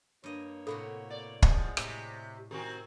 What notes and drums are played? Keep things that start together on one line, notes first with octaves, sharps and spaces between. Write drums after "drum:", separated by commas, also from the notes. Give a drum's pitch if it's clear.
G2 A#3 C#5 D#5
A2 C3 F#4 A4 F5 B5
D5
E2 F3 G#3 C#5 F#5, drum: kick
A2 C3 G4 G#5, drum: rim click
D#3 C4 F#4 G4 A#4 G#5 C#6